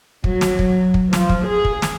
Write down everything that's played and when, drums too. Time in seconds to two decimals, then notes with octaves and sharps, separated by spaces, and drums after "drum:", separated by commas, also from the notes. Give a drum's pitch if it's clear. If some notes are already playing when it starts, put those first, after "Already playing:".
0.24 F#3, drum: kick
0.41 drum: snare
0.59 drum: kick
0.94 drum: kick
1.13 F3, drum: snare
1.29 drum: kick
1.47 G#4
1.65 drum: kick
1.82 drum: snare